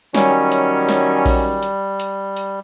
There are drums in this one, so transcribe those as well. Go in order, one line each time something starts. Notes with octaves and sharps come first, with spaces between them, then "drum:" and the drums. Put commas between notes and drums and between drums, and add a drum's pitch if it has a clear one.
D#3 F#3 G3 C#4, drum: snare
drum: hi-hat
drum: snare
drum: kick A#1, open hi-hat
drum: hi-hat
drum: hi-hat
drum: hi-hat